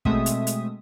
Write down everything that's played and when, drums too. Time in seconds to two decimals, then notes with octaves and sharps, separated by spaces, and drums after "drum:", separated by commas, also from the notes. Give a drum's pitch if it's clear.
0.05 B2 G#3 A3 C4 E5 D#6, drum: kick
0.26 drum: hi-hat
0.47 drum: hi-hat